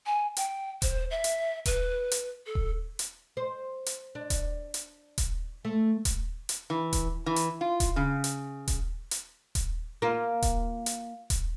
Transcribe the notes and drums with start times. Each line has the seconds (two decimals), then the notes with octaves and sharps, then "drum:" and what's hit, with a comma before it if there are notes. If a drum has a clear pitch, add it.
0.06 G#5
0.37 G5, drum: hi-hat
0.82 C5, drum: kick D#1, hi-hat
1.11 E5
1.24 drum: hi-hat
1.66 B4, drum: kick D#1, hi-hat
2.12 drum: hi-hat
2.46 A4
2.55 drum: kick D#1
2.99 drum: hi-hat
3.37 C5
3.86 drum: hi-hat
4.15 D4
4.30 drum: kick D#1, hi-hat
4.74 drum: hi-hat
5.18 drum: kick D#1, hi-hat
5.65 A3
6.05 drum: kick D#1, hi-hat
6.49 drum: hi-hat
6.70 E3
6.93 drum: kick D#1, hi-hat
7.26 E3
7.36 drum: hi-hat
7.61 F4
7.80 drum: kick D#1, hi-hat
7.96 C#3
8.24 drum: hi-hat
8.68 drum: kick D#1, hi-hat
9.11 drum: hi-hat
9.55 drum: kick D#1, hi-hat
10.02 A#3 F4
10.42 drum: kick D#1, hi-hat
10.86 drum: hi-hat
11.30 drum: kick D#1, hi-hat